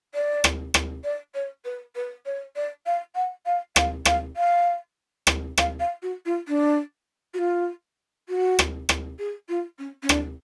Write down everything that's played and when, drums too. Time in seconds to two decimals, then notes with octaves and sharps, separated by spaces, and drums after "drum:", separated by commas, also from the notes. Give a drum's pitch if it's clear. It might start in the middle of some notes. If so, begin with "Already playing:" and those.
0.14 D5
0.44 drum: rim click
0.74 drum: rim click
1.04 D5
1.34 C#5
1.64 B4
1.95 B4
2.25 C#5
2.56 D5
2.86 F5
3.15 F#5
3.45 F5
3.76 F5, drum: rim click
4.05 F5, drum: rim click
4.36 F5
5.27 drum: rim click
5.57 F5, drum: rim click
5.79 F5
6.02 F#4
6.25 F4
6.47 D4
7.34 F#4
7.38 F4
8.29 F#4
8.59 drum: rim click
8.89 drum: rim click
9.18 G#4
9.49 F4
9.79 C#4
10.02 C#4
10.09 D4, drum: rim click